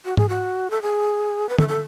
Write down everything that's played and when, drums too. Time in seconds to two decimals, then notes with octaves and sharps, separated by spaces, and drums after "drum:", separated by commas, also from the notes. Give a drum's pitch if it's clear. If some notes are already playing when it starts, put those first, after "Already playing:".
0.05 F#4
0.17 G#4, drum: tom G#2
0.29 F#4
0.70 A4
0.82 G#4
1.49 B4
1.59 A4, drum: tom
1.69 A4